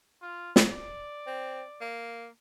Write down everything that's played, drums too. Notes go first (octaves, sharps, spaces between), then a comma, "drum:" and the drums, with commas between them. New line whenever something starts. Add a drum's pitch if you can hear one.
F4
drum: snare
D5
C4
A#3